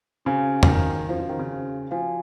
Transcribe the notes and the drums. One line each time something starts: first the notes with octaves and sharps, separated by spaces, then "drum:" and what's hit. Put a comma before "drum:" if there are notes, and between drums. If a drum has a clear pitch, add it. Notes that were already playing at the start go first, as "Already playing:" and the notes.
C#3 C#4 F#4 C5 F5 G#5
C#3, drum: tom E2
D#3
F3 C#4 F#4 C5 F5
F3
D#3
C#3
F3 F#4 C5 F5 G#5